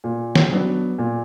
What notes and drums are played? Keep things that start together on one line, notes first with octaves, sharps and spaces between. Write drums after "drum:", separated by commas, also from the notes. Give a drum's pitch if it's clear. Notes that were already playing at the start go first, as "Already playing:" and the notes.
A#2
drum: snare
F#3 B3 D4
A#2